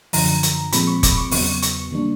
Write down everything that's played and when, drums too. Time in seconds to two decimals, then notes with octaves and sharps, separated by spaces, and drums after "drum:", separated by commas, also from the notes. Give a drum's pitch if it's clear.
0.13 F#2 D3 F3 A#5, drum: open hi-hat
0.43 drum: hi-hat
0.72 A#2 F3 G#3 C4 B5, drum: hi-hat
0.87 C#6
1.03 D6, drum: kick F1, hi-hat
1.17 C#6
1.31 E2 C#3 F#3 B3 C#6, drum: open hi-hat
1.62 C#6, drum: hi-hat
1.91 C#3 E3 G3 A#3 D4